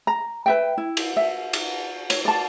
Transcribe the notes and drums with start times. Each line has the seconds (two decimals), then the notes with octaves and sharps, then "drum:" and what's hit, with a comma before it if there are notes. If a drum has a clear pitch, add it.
0.07 A#5
0.46 B4 E5 G5
0.78 E4
0.97 drum: cymbal
1.17 E5
1.53 drum: cymbal
2.10 C#5, drum: cymbal
2.25 D5 A5